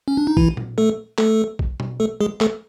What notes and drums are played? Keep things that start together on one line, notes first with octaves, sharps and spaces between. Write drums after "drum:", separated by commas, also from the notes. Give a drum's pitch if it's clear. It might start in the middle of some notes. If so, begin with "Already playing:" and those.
C#4
D4
D#4
E3 E4, drum: kick
drum: tom A#2
A3 A4
A3 A4, drum: clap
drum: kick
drum: tom B2
A3 A4
G#3 G#4
A3 A4, drum: clap